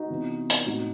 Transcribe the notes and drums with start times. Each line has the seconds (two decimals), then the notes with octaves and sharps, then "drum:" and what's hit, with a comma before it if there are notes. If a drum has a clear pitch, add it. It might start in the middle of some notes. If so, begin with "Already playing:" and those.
Already playing: D#4 F#4
0.10 C3 E3 B3
0.50 drum: hi-hat
0.66 A2 G3 C4 D#4 F#4